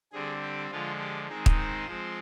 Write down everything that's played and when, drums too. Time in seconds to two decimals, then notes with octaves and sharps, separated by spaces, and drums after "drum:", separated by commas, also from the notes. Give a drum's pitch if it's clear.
0.12 D3 G3 C4 G#4
0.42 G4
0.71 D3 F3 G#3 F4
0.99 G4
1.28 D#3 G#3 C4 D#4 G#4
1.46 drum: kick
1.58 C5
1.86 F3 G#3 C4